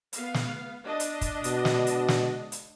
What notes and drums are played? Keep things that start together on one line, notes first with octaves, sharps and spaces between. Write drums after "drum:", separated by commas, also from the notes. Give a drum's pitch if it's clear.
B3 F5, drum: hi-hat
drum: snare
D4 D#5
drum: hi-hat
drum: kick, hi-hat
B2, drum: hi-hat
drum: snare
drum: hi-hat
drum: snare
drum: hi-hat